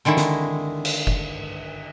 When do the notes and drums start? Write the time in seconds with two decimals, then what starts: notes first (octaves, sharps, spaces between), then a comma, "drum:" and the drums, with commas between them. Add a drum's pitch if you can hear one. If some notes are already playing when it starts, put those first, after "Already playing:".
0.05 D3 D#3 G#3 E4
0.17 drum: snare
0.85 drum: cymbal
1.07 drum: kick F#1